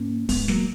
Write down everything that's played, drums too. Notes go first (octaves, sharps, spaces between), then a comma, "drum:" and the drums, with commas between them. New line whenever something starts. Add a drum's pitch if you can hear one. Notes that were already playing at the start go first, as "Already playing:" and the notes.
Already playing: G#2 A#3 C#4
G#2 G#3 B3, drum: kick, open hi-hat
F#3 A#3, drum: snare